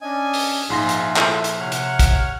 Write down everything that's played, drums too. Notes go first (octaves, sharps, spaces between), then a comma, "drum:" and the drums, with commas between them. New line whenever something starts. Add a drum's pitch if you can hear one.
C#4 D4 D#5 G#5
drum: open hi-hat
A#1 G#2 F4 G#4 E5 C6 A#6
drum: hi-hat
E4 A4, drum: clap
drum: hi-hat
C3 C#5 F#5 F6
drum: hi-hat
drum: kick, hi-hat